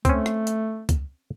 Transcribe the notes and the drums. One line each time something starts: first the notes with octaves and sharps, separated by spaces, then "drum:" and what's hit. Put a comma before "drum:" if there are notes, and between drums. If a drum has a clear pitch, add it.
A3 C4 C#4, drum: kick, hi-hat
drum: rim click
drum: hi-hat
drum: kick, hi-hat